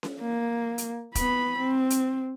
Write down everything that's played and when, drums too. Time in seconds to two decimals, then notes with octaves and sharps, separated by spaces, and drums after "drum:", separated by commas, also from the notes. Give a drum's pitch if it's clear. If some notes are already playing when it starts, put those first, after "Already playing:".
0.03 drum: snare C#4
0.21 A#3
0.78 drum: hi-hat
1.15 B3 B5, drum: kick, hi-hat
1.59 C4
1.90 drum: hi-hat